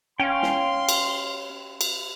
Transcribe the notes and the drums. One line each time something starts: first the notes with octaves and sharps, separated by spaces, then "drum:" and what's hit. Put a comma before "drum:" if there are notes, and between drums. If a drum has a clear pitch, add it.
C#4 F5 G5 C6
drum: snare
drum: cymbal
drum: cymbal